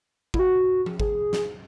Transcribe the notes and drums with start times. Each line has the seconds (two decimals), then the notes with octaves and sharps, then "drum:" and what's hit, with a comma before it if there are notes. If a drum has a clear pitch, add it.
0.34 E4, drum: kick G#1
0.39 F#4
0.86 drum: tom F3
1.00 G#4, drum: kick G#1
1.33 drum: snare